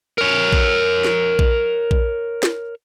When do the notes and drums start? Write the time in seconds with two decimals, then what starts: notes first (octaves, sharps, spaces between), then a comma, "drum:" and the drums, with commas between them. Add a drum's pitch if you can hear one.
0.18 A#4 C#5
0.53 drum: kick A#1
1.04 drum: snare
1.39 drum: kick A#1
1.91 drum: kick A#1
2.43 drum: snare